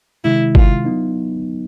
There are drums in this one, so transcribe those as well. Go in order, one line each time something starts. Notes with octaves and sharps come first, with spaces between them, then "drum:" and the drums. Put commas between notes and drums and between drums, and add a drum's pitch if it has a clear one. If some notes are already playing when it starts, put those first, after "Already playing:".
C3 D#3 G#3 E4
F4, drum: kick G1
F#3 B3 D#4